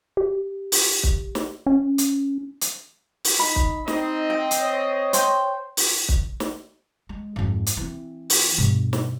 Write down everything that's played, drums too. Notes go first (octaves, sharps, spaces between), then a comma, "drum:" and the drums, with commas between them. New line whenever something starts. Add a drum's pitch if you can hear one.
G4
drum: open hi-hat
drum: kick
drum: snare
C#4
drum: hi-hat
drum: hi-hat
drum: open hi-hat
D#4 B5
drum: kick
C4 D#4 D#5, drum: snare
G5
drum: hi-hat
C#5
C5 G5, drum: hi-hat
drum: open hi-hat
drum: kick
drum: snare
G#3
F2 G#2
drum: hi-hat
E3 C4
drum: open hi-hat
G2 B2
drum: snare